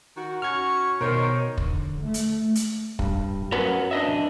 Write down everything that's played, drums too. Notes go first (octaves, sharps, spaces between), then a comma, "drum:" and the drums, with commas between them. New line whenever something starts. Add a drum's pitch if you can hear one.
D#3 F#4
C#4 F#4 C#6 F6 G#6
B2 D#3 A#4 C5 C#5
D3, drum: kick
A3
drum: hi-hat
drum: hi-hat
G2, drum: kick
F#3 C#4 A#4 B4 F#5
D4 D#5 E5